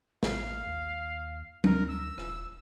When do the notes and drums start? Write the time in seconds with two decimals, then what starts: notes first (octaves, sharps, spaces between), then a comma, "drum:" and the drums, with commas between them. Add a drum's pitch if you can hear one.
0.23 A1 F5, drum: snare
0.67 D#2
1.64 D2 A#4, drum: tom F#3
1.88 E6
2.18 D#1, drum: rim click